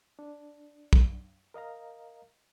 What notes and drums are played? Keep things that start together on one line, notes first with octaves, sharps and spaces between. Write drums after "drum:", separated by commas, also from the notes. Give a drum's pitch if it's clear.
D4
drum: kick
A#4 D#5 F5 A#5